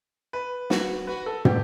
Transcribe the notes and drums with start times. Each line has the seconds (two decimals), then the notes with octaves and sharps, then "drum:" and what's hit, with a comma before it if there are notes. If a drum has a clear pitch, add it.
0.33 B4
0.70 F#4, drum: snare
1.07 F#4 B4
1.26 A4
1.45 G4, drum: tom